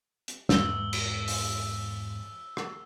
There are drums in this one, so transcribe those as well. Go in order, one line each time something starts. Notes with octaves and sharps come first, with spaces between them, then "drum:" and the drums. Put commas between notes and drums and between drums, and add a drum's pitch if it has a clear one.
drum: hi-hat
E2 G#2 E6 G7, drum: snare
drum: cymbal
drum: open hi-hat
drum: rim click